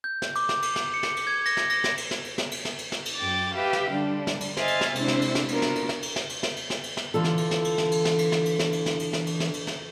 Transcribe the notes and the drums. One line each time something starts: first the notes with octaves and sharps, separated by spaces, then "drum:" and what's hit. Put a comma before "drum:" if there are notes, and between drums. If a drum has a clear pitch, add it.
G6
drum: snare
D6, drum: cymbal
drum: snare
drum: cymbal
drum: snare
C#7
drum: snare
drum: cymbal
G#6
A#6, drum: cymbal
drum: snare
A#6, drum: cymbal
drum: snare
drum: cymbal
drum: snare
drum: cymbal
drum: snare
drum: cymbal
drum: snare
drum: cymbal
drum: snare
drum: cymbal
F#2 G5 D6 A6
G4 B4 E5 F5 G5
drum: snare
D3 G3 D4
drum: snare
drum: cymbal
C5 D#5 E5 G#5 F6 A6, drum: snare
drum: cymbal
drum: snare
C3 G#3 D4 E4 C5, drum: cymbal
drum: snare
drum: cymbal
drum: snare
B3 D4 F4 F#4 A#4, drum: cymbal
drum: snare
drum: cymbal
drum: snare
drum: cymbal
drum: snare
drum: cymbal
drum: snare
drum: cymbal
drum: snare
drum: cymbal
drum: snare
D3 E3 F4 A4
drum: snare
drum: cymbal
drum: snare
drum: cymbal
drum: snare
drum: cymbal
drum: snare
drum: cymbal
drum: snare
drum: cymbal
drum: snare
drum: cymbal
drum: snare
drum: cymbal
drum: snare
drum: cymbal
drum: snare
drum: cymbal
drum: snare